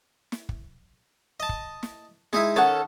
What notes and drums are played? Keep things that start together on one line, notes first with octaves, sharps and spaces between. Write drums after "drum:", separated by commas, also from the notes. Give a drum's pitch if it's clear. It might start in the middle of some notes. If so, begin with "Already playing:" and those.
drum: snare
drum: kick
D#5 A5
drum: kick
drum: snare
G#3 D#4 E4, drum: snare
D#3 C#4 A4 F#5 A5